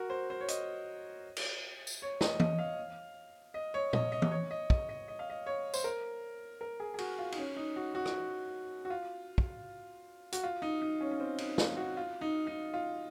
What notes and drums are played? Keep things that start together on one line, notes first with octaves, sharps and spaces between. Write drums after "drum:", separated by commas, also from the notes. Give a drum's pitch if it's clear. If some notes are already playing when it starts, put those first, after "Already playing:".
Already playing: F#4 A#4
C5
C5
C#5
D#5, drum: hi-hat
drum: cymbal
drum: tambourine
C#5
D#5, drum: snare
D#5, drum: tom E3
F5
D#5
C#5
D#5, drum: tom A#2
D#5
drum: tom E3
C#5
D#5
D#5, drum: kick
D#5
D#5
F5
D#5
C#5
C5, drum: tambourine
A#4
A#4
G#4
G#4
F#4, drum: cymbal
F4
D#4, drum: cymbal
C#4
D#4
F#4
F#4
drum: rim click
F#4
F4
drum: kick
F#4, drum: hi-hat
F4
D#4
D#4
C#4
C#4
C4
D#4, drum: cymbal
F4, drum: snare
F#4
F4
D#4
D#4
F4